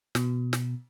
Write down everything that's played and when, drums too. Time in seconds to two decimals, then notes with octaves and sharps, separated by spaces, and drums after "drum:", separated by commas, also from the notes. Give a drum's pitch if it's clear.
0.15 B2, drum: snare
0.53 drum: snare